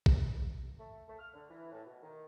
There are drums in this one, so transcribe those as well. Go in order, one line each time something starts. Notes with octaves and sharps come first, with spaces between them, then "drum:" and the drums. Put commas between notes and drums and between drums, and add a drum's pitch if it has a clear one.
drum: kick
A3
A3
F6
D3
E3
A2
B2
D#3